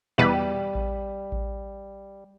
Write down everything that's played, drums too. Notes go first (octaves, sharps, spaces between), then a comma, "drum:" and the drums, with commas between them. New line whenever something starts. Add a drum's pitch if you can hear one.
E2 B2 G3 B4
drum: kick A1
drum: kick A1